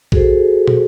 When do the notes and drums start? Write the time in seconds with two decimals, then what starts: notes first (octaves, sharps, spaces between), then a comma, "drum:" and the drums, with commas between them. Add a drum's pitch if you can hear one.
0.12 F#4 G#4 A4 C5, drum: kick A#1
0.67 drum: tom